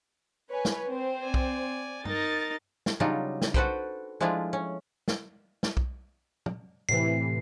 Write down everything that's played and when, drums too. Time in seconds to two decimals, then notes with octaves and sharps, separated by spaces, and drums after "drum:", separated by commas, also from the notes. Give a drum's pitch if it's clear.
0.50 B4 C#5 G#5
0.65 drum: snare
0.89 C4 C5
1.24 D5 G#5
1.34 drum: kick B1
2.05 D#4 A#4 A6, drum: tom
2.86 drum: snare
3.00 C#3 F#3 G3 D4 D#4 F4
3.42 drum: snare
3.54 F#4 A4 B4 C5 G5, drum: kick B1
4.20 F3 G#3 A3 D4 E4 F4
4.53 C#4
5.08 drum: snare
5.63 drum: snare
5.77 drum: kick B1
6.46 drum: tom
6.89 A2 C3 E3 C7